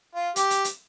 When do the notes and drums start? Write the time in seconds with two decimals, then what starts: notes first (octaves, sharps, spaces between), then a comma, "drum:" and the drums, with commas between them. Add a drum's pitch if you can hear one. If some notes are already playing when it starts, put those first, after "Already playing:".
0.15 F4
0.36 G4, drum: hi-hat
0.50 drum: hi-hat
0.64 drum: hi-hat